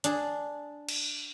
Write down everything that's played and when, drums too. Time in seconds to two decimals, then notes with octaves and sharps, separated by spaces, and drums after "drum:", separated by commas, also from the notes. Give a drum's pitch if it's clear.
0.04 D4 G#4, drum: hi-hat
0.89 drum: cymbal